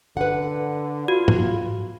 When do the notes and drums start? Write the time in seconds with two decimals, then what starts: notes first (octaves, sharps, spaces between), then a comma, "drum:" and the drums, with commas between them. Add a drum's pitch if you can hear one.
0.17 D3 B4 F#5
1.08 F4 F#4
1.28 drum: tom G#2